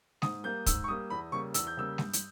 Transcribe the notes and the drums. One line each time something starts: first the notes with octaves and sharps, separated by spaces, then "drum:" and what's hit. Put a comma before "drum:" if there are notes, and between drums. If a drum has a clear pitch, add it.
G#2 D#6, drum: snare
G3 A#3 G6
G#2 E6, drum: kick, hi-hat
C#6
G3 A#3 D#6
E2 B5
C#3 G3 A#3 C#6
E2 E6, drum: hi-hat
G6
C#3 G3 A#3 E6
G2, drum: snare
drum: hi-hat